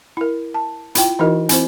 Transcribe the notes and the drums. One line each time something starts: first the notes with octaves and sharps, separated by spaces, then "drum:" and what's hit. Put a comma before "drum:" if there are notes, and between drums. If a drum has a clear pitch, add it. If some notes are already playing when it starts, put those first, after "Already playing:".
E4 A#4
A5
E4 F4 G5, drum: hi-hat
E3 D#4 E4 F#4 A#4 D#5
C4 E4 C5, drum: hi-hat